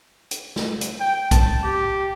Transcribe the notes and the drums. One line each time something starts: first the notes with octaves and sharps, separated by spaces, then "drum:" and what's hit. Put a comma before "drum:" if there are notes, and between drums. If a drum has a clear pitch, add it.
drum: hi-hat
drum: snare
drum: hi-hat
G5
A5, drum: kick A#1, hi-hat
G4